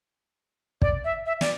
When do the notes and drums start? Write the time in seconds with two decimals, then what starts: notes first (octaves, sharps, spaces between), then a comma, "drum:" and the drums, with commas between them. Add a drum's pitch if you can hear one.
0.82 D5, drum: kick
1.04 E5
1.26 E5
1.41 D5, drum: snare